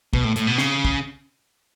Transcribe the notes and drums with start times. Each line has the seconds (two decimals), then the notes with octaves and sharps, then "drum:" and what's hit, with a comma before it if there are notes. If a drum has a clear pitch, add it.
0.13 B2, drum: kick
0.24 A2
0.36 A2, drum: hi-hat
0.47 B2
0.58 C#3, drum: snare
0.85 drum: kick